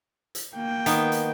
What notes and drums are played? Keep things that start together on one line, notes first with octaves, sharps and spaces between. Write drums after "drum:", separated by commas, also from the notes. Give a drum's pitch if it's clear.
drum: hi-hat
A#3 G5
D#3 B3, drum: hi-hat
drum: hi-hat